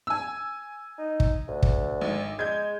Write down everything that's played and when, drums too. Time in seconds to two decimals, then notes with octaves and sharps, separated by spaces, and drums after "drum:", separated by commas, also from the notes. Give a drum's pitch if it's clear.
0.07 G#5 E6
0.98 D#4
1.20 drum: kick
1.48 D2
1.63 drum: kick
2.01 G#1
2.39 G#3 G6 G#6